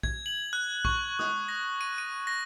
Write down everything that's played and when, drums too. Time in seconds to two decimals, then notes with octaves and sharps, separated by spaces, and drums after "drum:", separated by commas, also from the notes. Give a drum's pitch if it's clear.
0.03 G#6, drum: kick A#1
0.26 F#7
0.53 F#6
0.85 C#6, drum: kick A#1
1.19 D#6, drum: snare
1.48 A#6
1.81 D#7
1.98 D#7
2.27 A#6